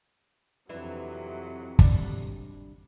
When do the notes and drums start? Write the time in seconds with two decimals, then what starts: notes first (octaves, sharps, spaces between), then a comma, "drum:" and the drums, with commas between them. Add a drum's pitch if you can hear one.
0.69 F2 C3 E3 F#3 D4 E4
1.79 G3 D4, drum: kick